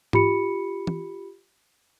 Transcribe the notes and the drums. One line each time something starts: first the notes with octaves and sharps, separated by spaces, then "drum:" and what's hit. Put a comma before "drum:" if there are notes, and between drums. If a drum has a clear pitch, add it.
F4 G4 B5 C#7, drum: tom G#2
drum: tom E3